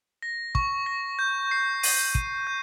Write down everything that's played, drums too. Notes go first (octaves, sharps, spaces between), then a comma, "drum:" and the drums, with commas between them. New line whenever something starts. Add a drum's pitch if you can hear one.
A#6
C#6, drum: kick
A#6
G6
C7
D#7, drum: open hi-hat
D#7, drum: kick
G6